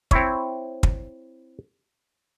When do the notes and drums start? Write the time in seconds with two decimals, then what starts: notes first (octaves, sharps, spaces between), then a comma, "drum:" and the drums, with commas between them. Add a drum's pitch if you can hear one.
0.11 C4 E4 C#5, drum: kick
0.83 drum: kick